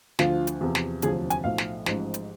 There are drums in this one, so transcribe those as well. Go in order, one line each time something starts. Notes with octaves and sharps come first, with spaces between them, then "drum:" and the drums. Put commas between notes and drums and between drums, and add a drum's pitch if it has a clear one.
D2 D3 F3 F4, drum: snare
drum: hi-hat
E2 C3 F3
drum: snare
E1 D2 C3 F3 G#4, drum: hi-hat
G#5, drum: hi-hat
B1 A2 F3 F5
drum: snare
A1 G#2 F3, drum: snare
drum: hi-hat